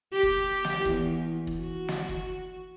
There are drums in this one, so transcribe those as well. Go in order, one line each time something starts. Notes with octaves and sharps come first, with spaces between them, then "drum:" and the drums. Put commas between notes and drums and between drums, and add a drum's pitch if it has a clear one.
G4
drum: kick
drum: snare
E2, drum: kick
drum: kick
F#4
drum: snare
drum: kick